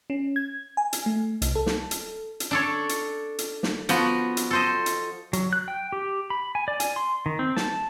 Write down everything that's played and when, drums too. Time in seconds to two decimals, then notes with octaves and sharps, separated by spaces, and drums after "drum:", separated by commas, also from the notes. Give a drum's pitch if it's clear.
0.10 C#4
0.36 G#6
0.77 G#5
0.93 drum: hi-hat
1.06 A3
1.42 C2, drum: hi-hat
1.56 A4
1.66 drum: snare
1.91 drum: hi-hat
2.40 drum: hi-hat
2.51 D4 A4 C#5
2.89 drum: hi-hat
3.39 drum: hi-hat
3.63 drum: snare
3.89 F3 B3 F#4, drum: hi-hat
4.37 drum: hi-hat
4.51 A4 C5 D#5
4.86 drum: hi-hat
5.33 F#3, drum: hi-hat
5.53 F#6
5.68 G5
5.92 G4
6.30 B5
6.55 G#5
6.68 D5
6.80 G#5, drum: hi-hat
6.96 C6
7.26 D#3
7.39 C4
7.57 A5, drum: snare